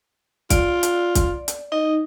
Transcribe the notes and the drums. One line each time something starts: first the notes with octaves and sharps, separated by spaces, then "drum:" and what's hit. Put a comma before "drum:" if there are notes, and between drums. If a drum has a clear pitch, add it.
F4 D5, drum: kick, hi-hat
drum: hi-hat
drum: kick, hi-hat
drum: hi-hat
D#4 D#5